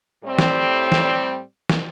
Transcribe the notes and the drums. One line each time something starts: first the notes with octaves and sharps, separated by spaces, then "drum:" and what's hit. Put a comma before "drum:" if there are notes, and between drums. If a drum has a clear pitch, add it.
A2 G3 C4
drum: snare
drum: snare
drum: snare